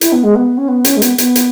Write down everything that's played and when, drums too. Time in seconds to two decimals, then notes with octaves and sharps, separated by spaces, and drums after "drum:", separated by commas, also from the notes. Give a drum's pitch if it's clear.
0.01 E4, drum: hi-hat
0.12 B3
0.23 G#3
0.35 B3
0.58 C#4
0.68 B3
0.85 C#4, drum: hi-hat
0.97 G#3
1.02 B3, drum: hi-hat
1.18 B3, drum: hi-hat
1.35 drum: hi-hat